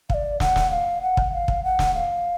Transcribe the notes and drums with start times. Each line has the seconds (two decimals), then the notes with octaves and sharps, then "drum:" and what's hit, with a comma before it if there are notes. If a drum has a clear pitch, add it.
0.10 F5, drum: kick
0.14 D5
0.40 F#5, drum: snare
0.56 drum: snare
0.71 F5
1.02 F#5
1.17 drum: kick
1.33 F5
1.48 drum: kick
1.64 F#5
1.79 drum: snare
1.94 F5